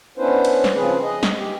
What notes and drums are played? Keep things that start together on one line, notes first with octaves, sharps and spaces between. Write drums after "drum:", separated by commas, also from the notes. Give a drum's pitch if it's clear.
B3 C#4 D4 E4 B4 C5
drum: cymbal
drum: snare
C#3 F3 C4 G#4 B4
G#4 D#5
drum: snare
G4